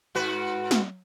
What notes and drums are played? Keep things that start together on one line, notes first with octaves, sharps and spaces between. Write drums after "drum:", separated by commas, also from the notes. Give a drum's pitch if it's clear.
G#2 F#4 B4
drum: snare